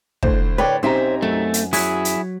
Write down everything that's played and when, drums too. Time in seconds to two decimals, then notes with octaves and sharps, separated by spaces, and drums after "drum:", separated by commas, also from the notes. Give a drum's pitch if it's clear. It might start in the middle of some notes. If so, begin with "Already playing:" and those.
0.23 A2 D3 C5, drum: kick
0.58 B4 C#5 D5 G5
0.83 B1 C4 C#4 D#4 G4 C5 E5 A#5
1.22 F#2 A3
1.54 drum: hi-hat
1.73 F#3 E4 G#4 G#6 B6, drum: open hi-hat
2.05 drum: hi-hat